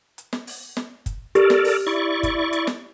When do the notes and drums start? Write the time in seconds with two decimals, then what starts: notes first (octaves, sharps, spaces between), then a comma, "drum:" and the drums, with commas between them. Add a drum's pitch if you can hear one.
0.18 drum: hi-hat
0.33 drum: snare
0.47 drum: open hi-hat
0.77 drum: snare
1.06 drum: kick F#1, hi-hat
1.35 G4 A4 A#4 D5, drum: hi-hat
1.50 drum: snare
1.65 drum: open hi-hat
1.87 E4 D5 C#6
2.23 drum: kick F#1, hi-hat
2.53 drum: hi-hat
2.67 drum: snare